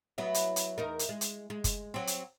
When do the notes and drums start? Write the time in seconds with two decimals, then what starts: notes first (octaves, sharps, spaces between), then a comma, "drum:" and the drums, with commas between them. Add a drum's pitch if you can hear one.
0.18 F#3 B3 E4
0.34 drum: hi-hat
0.56 drum: hi-hat
0.78 E2 D#4 A#4
0.99 drum: hi-hat
1.09 G#3
1.21 drum: hi-hat
1.50 G#3
1.64 drum: kick, hi-hat
1.94 F#3 C4
2.07 drum: hi-hat